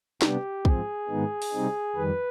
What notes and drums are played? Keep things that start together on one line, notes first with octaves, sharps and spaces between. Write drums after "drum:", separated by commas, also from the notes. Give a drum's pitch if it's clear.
C3 G3 B3 D4 G4, drum: snare
G#2 F3 C4 G#4, drum: kick
G#2 D#3 G#3 B3 D#4
drum: open hi-hat
C3 G3 C4 D#4
F2 D#3 G3 B4